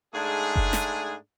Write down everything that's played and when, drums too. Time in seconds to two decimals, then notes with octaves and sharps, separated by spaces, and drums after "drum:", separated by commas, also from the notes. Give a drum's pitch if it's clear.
0.14 G#2 A3 D4 G#4
0.56 drum: kick F#1
0.73 drum: snare